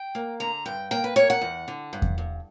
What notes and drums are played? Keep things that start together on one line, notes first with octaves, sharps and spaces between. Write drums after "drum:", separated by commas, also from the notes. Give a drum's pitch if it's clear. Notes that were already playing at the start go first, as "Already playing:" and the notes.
Already playing: G5
A#3
D3 A#5
G2 G5
A#3 G5
B4
A#3 C#5
F#5
E2
D3
G2
drum: kick E2
G2